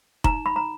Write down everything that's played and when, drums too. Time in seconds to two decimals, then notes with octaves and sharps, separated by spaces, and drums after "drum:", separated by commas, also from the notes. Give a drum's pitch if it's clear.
0.24 D#4 A#5, drum: kick F1
0.46 B5
0.56 A#5